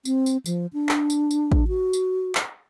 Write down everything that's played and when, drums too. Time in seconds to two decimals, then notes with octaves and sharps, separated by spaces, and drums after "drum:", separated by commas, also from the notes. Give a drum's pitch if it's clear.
0.05 C4, drum: tambourine
0.26 drum: tambourine
0.46 F3, drum: tambourine
0.73 D4
0.89 drum: clap
1.10 drum: tambourine
1.31 drum: tambourine
1.52 drum: kick A1
1.68 F#4
1.93 drum: tambourine
2.35 drum: clap